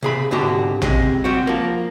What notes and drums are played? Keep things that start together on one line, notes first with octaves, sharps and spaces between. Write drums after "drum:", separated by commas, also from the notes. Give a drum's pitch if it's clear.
C3 G#4 B5
C2 G#2 D3 F#4 G4
C#2 C3 G#3, drum: tom A1
G3 C4 F#4
F3 A#3